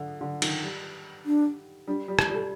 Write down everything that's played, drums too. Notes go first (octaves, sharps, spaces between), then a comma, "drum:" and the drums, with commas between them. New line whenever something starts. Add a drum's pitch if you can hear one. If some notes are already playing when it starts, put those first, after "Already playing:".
Already playing: D3
D3
D#3, drum: cymbal
G3
D4
G3 D4
G3
G4, drum: rim click
G3
A4